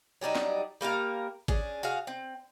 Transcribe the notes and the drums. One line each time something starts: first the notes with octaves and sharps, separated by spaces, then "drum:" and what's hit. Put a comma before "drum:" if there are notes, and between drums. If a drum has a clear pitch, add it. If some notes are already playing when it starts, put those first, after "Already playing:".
F#3 G3 D4 D#4
drum: snare
G3 A#3 A#4 F5
C#4 D4 G#4, drum: kick G1
F#4 G#4 F5
C4